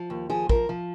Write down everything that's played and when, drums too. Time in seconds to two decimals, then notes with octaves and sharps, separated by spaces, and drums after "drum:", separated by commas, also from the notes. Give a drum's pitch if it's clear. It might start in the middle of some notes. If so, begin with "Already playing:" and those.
Already playing: F3
0.10 D#2
0.30 F3 G#4
0.49 F3 A#4, drum: kick
0.69 F3